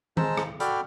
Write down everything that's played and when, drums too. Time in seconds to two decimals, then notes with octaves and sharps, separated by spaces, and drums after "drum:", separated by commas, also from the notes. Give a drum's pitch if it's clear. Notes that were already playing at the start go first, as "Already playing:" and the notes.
0.17 G#3 C5 A5 A#5 E6, drum: tom D#3
0.38 drum: rim click
0.60 F#4 A4 D5 G5 B5 F6, drum: hi-hat